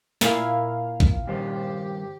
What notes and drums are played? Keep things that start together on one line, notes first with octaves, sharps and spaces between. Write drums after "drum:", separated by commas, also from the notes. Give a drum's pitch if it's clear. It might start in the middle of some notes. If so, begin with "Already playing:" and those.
A#2 A#3 E4 F5 G#5, drum: snare
drum: kick
G2 D#3 G4 C5